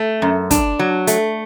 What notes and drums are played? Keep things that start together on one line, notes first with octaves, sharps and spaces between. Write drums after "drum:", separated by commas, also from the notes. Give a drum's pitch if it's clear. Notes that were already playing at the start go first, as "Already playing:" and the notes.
Already playing: A3
F#2
D4, drum: kick, hi-hat
F#3
A3, drum: hi-hat